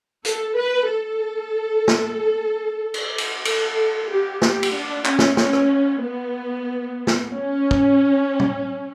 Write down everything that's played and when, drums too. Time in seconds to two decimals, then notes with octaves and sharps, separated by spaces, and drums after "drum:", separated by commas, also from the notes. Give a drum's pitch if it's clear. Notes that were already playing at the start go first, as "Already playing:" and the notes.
0.25 A4, drum: hi-hat
0.56 B4
0.89 A4
1.88 drum: snare
2.94 drum: cymbal
3.18 drum: cymbal
3.45 A4, drum: cymbal
4.09 G4
4.42 G4, drum: snare
4.63 drum: cymbal
4.73 D4
5.05 C#4, drum: clap
5.19 drum: snare
5.37 C#4, drum: snare
5.53 drum: rim click
6.01 B3
7.07 drum: snare
7.30 C#4
7.71 drum: kick
8.40 drum: tom